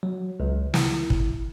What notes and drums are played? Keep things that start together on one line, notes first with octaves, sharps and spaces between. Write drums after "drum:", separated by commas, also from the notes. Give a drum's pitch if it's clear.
F#3
C#2
E4, drum: snare
drum: kick